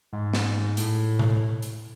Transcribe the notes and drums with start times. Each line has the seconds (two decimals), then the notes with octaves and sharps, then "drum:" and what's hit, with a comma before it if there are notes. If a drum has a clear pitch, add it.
0.13 G#2
0.34 drum: snare
0.77 A2, drum: hi-hat
1.19 drum: tom B2
1.62 drum: hi-hat